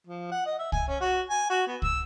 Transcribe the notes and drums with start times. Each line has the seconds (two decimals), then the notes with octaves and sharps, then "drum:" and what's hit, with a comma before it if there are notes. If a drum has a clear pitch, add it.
0.07 F3
0.32 F#5
0.46 D#5
0.59 E5
0.72 G#5, drum: kick C2
0.88 C#4
1.00 F#4
1.30 G#5
1.50 F#4
1.67 B3
1.82 E6, drum: kick C2